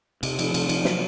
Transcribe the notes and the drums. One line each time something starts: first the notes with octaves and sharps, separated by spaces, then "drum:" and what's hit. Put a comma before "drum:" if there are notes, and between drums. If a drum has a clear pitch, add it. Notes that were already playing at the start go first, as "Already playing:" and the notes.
C3, drum: cymbal
F3, drum: cymbal
C3, drum: cymbal
F3, drum: cymbal
F#3, drum: snare